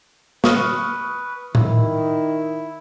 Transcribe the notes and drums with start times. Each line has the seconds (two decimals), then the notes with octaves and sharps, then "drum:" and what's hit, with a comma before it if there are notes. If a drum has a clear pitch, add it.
0.44 B4 C#6 D#6 F6, drum: snare
1.55 D#3 E4, drum: tom A2